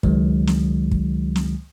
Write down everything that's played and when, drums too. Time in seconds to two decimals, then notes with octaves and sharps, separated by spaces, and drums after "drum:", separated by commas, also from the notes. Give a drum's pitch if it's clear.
0.03 C#2 D#3 F#3 G#3, drum: kick
0.47 drum: snare
0.91 drum: kick
1.36 drum: snare